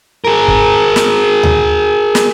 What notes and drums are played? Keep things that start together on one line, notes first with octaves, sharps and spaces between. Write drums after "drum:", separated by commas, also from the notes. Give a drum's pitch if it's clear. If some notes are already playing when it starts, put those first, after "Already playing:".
G#4 A#4
drum: kick
drum: snare
drum: tom D2
drum: snare